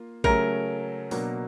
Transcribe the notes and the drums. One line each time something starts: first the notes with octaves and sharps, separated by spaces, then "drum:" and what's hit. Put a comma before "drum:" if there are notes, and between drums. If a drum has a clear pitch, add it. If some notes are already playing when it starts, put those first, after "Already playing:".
Already playing: A#3 F4
C#3 F#3 A3 C#4 A#4, drum: kick A1
B2 F#3 A#3 D4, drum: open hi-hat